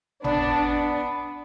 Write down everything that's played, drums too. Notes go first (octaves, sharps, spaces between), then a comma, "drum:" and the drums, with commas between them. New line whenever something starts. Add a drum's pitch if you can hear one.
B3 D4, drum: tom G#1